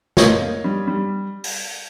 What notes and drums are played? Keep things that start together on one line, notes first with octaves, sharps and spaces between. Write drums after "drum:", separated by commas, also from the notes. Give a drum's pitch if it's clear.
A#3 C#5 D#5, drum: snare
A#3
G3
G3
drum: open hi-hat